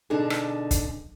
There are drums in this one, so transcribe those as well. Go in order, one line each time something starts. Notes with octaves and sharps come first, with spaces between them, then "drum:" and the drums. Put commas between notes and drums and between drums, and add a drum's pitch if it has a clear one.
B2 D3 D4 D#4 G#4
drum: rim click
drum: kick, hi-hat